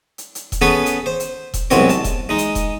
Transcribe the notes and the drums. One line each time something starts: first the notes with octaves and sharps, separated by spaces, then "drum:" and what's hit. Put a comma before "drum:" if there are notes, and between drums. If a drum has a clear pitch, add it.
drum: hi-hat
drum: hi-hat
drum: kick E1, hi-hat
B3 C#4 G#4 A4 B4 C#5
drum: hi-hat
C5
drum: hi-hat
drum: kick E1, hi-hat
C2 F#2 B2 G#3 C4 C#5, drum: hi-hat
A5, drum: hi-hat
drum: kick E1, hi-hat
G#3 D#4
drum: hi-hat
drum: kick E1, hi-hat